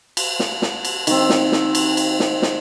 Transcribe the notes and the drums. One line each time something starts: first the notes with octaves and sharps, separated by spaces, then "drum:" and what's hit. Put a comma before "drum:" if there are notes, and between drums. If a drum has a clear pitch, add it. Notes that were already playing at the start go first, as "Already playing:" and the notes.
drum: cymbal
drum: snare
drum: snare
drum: cymbal
D#3 C4, drum: cymbal
drum: snare
drum: snare
drum: cymbal
drum: cymbal
drum: snare
drum: snare